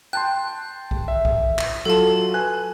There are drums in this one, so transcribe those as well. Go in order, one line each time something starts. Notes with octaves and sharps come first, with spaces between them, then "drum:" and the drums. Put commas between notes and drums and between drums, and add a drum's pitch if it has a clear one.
G5 A5 C6 F#6
drum: kick A#1
E5
drum: kick A#1
drum: clap
F#3 F4 A4 A5
B4 G#5 F#6